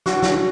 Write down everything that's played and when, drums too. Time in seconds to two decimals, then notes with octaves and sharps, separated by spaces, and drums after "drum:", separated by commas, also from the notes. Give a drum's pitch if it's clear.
0.06 F#4, drum: snare
0.22 drum: snare